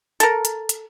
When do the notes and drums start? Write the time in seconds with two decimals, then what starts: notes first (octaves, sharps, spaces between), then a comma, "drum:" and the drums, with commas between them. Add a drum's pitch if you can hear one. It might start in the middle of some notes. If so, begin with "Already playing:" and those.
0.20 A4 A#4, drum: hi-hat
0.45 drum: hi-hat
0.69 drum: hi-hat